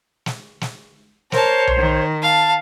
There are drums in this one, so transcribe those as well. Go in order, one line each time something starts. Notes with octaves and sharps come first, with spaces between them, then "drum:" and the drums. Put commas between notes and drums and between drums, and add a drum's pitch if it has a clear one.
drum: snare
drum: snare
A#4 C5 C#5 A5, drum: snare
drum: tom B1
D#3
F5 A5